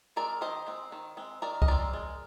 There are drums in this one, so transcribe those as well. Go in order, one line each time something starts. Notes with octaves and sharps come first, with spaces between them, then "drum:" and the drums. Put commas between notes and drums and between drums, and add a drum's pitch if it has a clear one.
G#3 C4 A#4 D5
D#3 C5 D#5
G#3 C4
D#3
G#3 C4
D#3 A#4 D5
D#5, drum: kick C2
G#3 C4 A#4 D5
G#3